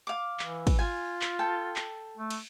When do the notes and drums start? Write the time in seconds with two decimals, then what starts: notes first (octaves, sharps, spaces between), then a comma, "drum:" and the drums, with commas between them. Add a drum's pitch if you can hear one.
0.07 F5 D6
0.39 E3, drum: clap
0.67 drum: kick, cymbal
0.79 F4 G#5
1.21 drum: clap
1.39 A4 G5 A5
1.76 drum: clap
2.17 A3
2.30 drum: cymbal